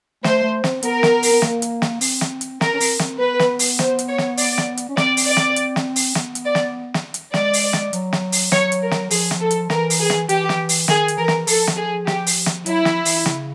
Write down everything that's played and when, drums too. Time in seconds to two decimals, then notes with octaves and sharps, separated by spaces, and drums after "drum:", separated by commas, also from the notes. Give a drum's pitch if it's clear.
0.24 A3 C5, drum: snare
0.43 A3
0.64 C4, drum: snare
0.83 B3 A#4, drum: hi-hat
1.03 drum: snare
1.23 drum: open hi-hat
1.32 B3
1.42 A#3, drum: snare
1.62 drum: hi-hat
1.82 drum: snare
2.01 C4, drum: open hi-hat
2.21 drum: snare
2.41 drum: hi-hat
2.61 C4 A#4, drum: snare
2.74 C#4
2.80 C4, drum: open hi-hat
2.99 C4, drum: snare
3.19 B3 B4
3.39 drum: snare
3.59 drum: open hi-hat
3.79 C5, drum: snare
3.99 drum: hi-hat
4.08 C#5
4.18 drum: snare
4.37 D5, drum: open hi-hat
4.58 drum: snare
4.77 drum: hi-hat
4.89 C#4
4.97 C4 D5, drum: snare
5.17 drum: open hi-hat
5.26 D5
5.37 drum: snare
5.56 drum: hi-hat
5.76 drum: snare
5.96 drum: open hi-hat
6.15 B3, drum: snare
6.35 drum: hi-hat
6.46 D5
6.55 drum: snare
6.94 drum: snare
7.14 drum: hi-hat
7.34 G#3 D5, drum: snare
7.53 drum: open hi-hat
7.73 drum: snare
7.93 F#3, drum: hi-hat
8.13 drum: snare
8.32 drum: open hi-hat
8.52 F#3 C#5, drum: snare
8.72 drum: hi-hat
8.82 A#4
8.91 drum: snare
9.11 F3 G#4, drum: open hi-hat
9.31 drum: snare
9.40 A4
9.51 drum: hi-hat
9.70 E3 A#4, drum: snare
9.90 drum: open hi-hat
10.00 G#4
10.10 drum: snare
10.29 E3 G4, drum: hi-hat
10.49 drum: snare
10.69 drum: open hi-hat
10.88 D#3 G#4, drum: snare
11.08 drum: hi-hat
11.18 E3 A#4
11.28 drum: snare
11.47 F3 A4, drum: open hi-hat
11.67 drum: snare
11.77 G#4
12.07 G4, drum: snare
12.27 drum: open hi-hat
12.46 drum: snare
12.66 F#3 E4, drum: hi-hat
12.85 F3, drum: snare
13.05 E3, drum: open hi-hat
13.26 C#3, drum: snare